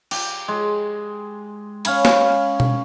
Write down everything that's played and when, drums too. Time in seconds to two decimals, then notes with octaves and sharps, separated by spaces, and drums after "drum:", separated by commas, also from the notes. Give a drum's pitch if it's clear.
0.11 G4, drum: cymbal
0.48 G#3
1.85 C#4 F5 G#5 B5, drum: cymbal
2.05 drum: snare
2.60 drum: tom B2